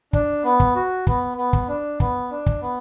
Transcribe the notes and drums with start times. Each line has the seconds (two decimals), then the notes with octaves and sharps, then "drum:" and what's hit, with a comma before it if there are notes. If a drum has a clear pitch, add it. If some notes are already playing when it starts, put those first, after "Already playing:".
0.13 D4, drum: kick
0.44 B3
0.60 drum: kick
0.75 F#4
1.07 B3, drum: kick
1.38 B3
1.53 drum: kick
1.69 D4
2.00 B3, drum: kick
2.31 D4
2.47 drum: kick
2.62 B3